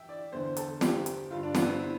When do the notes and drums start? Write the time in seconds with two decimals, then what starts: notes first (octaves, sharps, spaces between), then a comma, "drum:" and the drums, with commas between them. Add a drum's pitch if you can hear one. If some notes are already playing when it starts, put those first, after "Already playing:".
Already playing: E3 E5 G5
0.09 D5
0.32 E2 D3 C5
0.57 A4, drum: hi-hat
0.81 G4, drum: snare
1.06 drum: hi-hat
1.31 G2 D3 F4
1.43 D4
1.55 B3, drum: snare
1.67 C4
1.80 E4